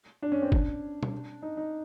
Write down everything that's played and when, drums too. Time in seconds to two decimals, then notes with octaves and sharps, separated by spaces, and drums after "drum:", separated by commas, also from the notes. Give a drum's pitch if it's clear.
0.22 D4
0.32 C#4
0.42 C4
0.52 D4, drum: kick
1.03 drum: tom B2
1.42 D#4
1.57 D#4